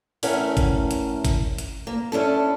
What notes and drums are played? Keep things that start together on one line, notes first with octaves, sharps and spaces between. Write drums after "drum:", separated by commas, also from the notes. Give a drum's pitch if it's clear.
E2 A2 C#4 A#4 E5 F#5, drum: open hi-hat
drum: kick G#1, hi-hat
drum: hi-hat
drum: kick G#1, hi-hat
drum: hi-hat
A#3
C#4 D4 E4 A4